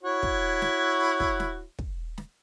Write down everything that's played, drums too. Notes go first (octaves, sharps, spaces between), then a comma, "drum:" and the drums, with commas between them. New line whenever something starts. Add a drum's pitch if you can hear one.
E4 F#4 C#5
drum: kick
drum: snare
drum: kick
drum: snare
drum: kick
drum: snare